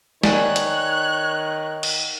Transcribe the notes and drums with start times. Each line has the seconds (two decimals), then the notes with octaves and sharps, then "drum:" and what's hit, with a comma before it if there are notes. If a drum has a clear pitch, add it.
0.23 D#3 C#5 D5 G#5 F#6, drum: snare
0.56 drum: hi-hat
1.83 drum: cymbal